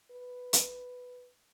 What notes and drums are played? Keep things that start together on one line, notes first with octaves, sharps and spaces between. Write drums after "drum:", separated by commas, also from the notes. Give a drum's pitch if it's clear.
B4
drum: hi-hat